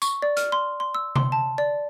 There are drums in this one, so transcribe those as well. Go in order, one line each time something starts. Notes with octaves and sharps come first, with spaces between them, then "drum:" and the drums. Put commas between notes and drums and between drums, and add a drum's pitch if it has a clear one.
C#6, drum: tambourine
D5
F6, drum: hi-hat
C6
C6
E6
C6, drum: tom C3
A5
D5